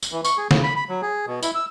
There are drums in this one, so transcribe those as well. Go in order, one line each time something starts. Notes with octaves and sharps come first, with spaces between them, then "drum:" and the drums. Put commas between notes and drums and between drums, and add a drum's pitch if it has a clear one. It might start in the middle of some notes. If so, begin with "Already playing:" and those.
drum: tambourine
E3
C#6, drum: tambourine
G#4
C#3, drum: snare D3
B5
B5
F#3
G#4
B2
E4, drum: tambourine
E6